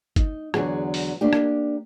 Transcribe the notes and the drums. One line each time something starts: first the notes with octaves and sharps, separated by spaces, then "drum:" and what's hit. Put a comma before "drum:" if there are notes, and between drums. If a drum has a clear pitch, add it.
D#4, drum: kick G1, hi-hat
E2 D3 F#3 F#4 G#4, drum: rim click
drum: open hi-hat
A#3 D4 G4
drum: rim click